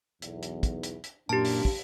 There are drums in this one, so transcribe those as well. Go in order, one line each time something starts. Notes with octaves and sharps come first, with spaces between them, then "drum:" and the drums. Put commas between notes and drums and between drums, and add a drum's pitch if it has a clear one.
B1 E2, drum: hi-hat
drum: hi-hat
drum: kick, hi-hat
drum: hi-hat
drum: hi-hat
F#2 A#2 D4 G4 A5
drum: open hi-hat
drum: kick, open hi-hat